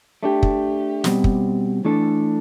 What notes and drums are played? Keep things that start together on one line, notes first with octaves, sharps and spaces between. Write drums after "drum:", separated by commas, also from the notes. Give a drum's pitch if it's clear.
A3 D4 G4
drum: kick
B2 G3 C4, drum: snare
drum: kick
E3 A3 D4 A4